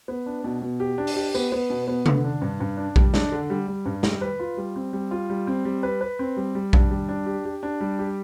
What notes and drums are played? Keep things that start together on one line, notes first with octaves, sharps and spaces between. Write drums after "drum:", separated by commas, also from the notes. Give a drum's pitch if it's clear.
B3
D4
B2
B2
G4
D4
drum: open hi-hat
G4
B3, drum: tambourine
B3
B2
B3
D3, drum: tom C3
D4
G2
G2
D4
G3, drum: kick A#1
D4, drum: snare
D3
G3
G3
G2
G3, drum: snare
B4
F4
G3
C4
G3
F4
G3
C4
G3
B4
B4
C4
G3
G3
D4, drum: kick A#1
G3
D4
G4
G4
D4
G3
G4